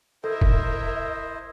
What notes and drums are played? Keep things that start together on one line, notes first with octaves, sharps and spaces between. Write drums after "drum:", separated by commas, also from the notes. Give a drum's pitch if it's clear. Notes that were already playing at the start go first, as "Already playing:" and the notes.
E4 A4 A#4 C5 D#5 E5
drum: kick